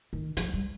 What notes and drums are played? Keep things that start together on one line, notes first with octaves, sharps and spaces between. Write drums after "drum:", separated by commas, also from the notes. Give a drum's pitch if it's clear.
D#3
F3, drum: hi-hat
G3